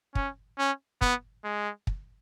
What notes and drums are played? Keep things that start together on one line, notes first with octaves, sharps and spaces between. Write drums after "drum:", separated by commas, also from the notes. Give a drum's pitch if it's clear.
C#4, drum: kick
C#4
B3, drum: kick
G#3
drum: kick